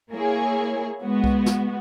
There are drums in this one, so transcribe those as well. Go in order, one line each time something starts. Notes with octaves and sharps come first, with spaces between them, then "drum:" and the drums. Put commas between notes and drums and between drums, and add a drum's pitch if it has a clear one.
A#3 E4 G#4 C#5
G#3 B3 F#4
drum: kick C2
drum: snare